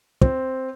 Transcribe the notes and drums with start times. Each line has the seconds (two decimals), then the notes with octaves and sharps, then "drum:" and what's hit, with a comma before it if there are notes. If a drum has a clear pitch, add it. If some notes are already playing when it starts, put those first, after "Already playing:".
0.21 C4, drum: kick